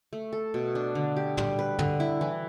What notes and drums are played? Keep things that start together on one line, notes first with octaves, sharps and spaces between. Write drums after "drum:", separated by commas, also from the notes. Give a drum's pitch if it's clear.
A3
A4
B2
D4
D3
G4
G3, drum: tom
B4
D3, drum: tom
E4
E3